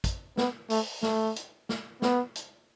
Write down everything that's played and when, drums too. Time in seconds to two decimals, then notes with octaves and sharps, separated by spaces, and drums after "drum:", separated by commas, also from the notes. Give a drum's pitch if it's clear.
0.04 drum: kick, hi-hat
0.37 B3, drum: snare
0.70 A3, drum: open hi-hat
1.03 A3, drum: snare
1.36 drum: hi-hat
1.69 drum: snare
2.02 B3, drum: snare
2.35 drum: hi-hat